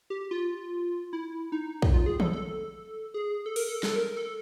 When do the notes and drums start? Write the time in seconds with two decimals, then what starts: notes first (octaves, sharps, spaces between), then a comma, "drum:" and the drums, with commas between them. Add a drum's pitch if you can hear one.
0.10 G4
0.31 F4
1.13 E4
1.52 D#4
1.82 drum: kick
1.93 F4
2.06 G#4
2.20 A4, drum: tom
2.33 A4
3.14 G#4
3.46 A4
3.56 A#4, drum: open hi-hat
3.68 A4
3.83 A4, drum: snare
3.96 A#4
4.17 A4